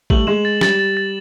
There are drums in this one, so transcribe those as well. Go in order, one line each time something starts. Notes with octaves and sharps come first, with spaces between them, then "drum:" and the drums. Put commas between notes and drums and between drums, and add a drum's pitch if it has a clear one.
G3 A3 F#7, drum: kick A1
G#3 E7
A6
G3 A6, drum: snare
A6
A6